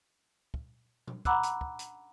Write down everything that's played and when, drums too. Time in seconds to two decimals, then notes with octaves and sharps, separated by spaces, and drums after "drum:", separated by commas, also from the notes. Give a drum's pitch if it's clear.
0.54 drum: kick
1.07 drum: tom B2
1.25 F#5 A#5 B5 D6 E6 F#6, drum: kick
1.43 drum: hi-hat
1.61 drum: kick
1.79 drum: hi-hat